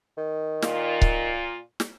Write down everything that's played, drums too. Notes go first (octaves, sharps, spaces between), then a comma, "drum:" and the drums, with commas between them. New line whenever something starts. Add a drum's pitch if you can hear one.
D#3
A#2 F4, drum: snare
drum: kick C#1
drum: snare